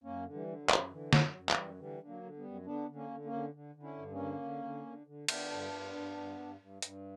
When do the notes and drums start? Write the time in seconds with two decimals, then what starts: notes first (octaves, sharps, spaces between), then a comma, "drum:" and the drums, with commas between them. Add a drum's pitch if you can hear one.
0.04 F#2 A#3 C#4
0.25 D3
0.33 E3 G3
0.48 D3
0.62 F#3
0.70 F#2, drum: clap
0.91 D3 E3
1.13 F#2, drum: snare
1.20 F#3
1.35 F#2
1.49 E3 G3, drum: clap
1.58 F#2
1.79 D3 E3 G3
2.00 D3
2.07 F#3 A#3
2.23 D3
2.37 G3 B3
2.44 F#2
2.66 D3 B3 D4
2.89 D3
2.95 A#3 C#4
3.11 D3
3.24 A#3 C#4
3.32 D3
3.54 D3
3.75 D3
3.83 C#4 E4
3.98 G2
4.12 A#3 C#4
4.19 D3
4.42 D3
4.63 D3
4.86 D3
5.07 D3
5.28 D3 B3 D4, drum: cymbal
5.51 G2
5.73 G2
5.95 G2
6.17 G2
6.39 G2
6.60 G2
6.82 G2, drum: hi-hat